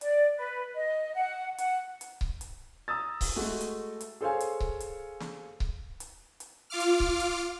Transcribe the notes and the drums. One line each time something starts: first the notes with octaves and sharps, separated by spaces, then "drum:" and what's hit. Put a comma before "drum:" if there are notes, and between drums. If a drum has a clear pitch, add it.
D5, drum: hi-hat
B4
D#5
F#5
F#5, drum: hi-hat
drum: hi-hat
drum: kick C#1
drum: hi-hat
A#5 D#6 E6 A6
drum: kick C#1, open hi-hat
G#3 A3 F#4
drum: hi-hat
drum: hi-hat
G#4 A4 C5 C#5 F5 G#5
drum: hi-hat
drum: kick C#1
drum: hi-hat
drum: snare
drum: kick C#1
drum: hi-hat
drum: hi-hat
F4 F5 D6 F6
drum: hi-hat
drum: kick C#1
drum: hi-hat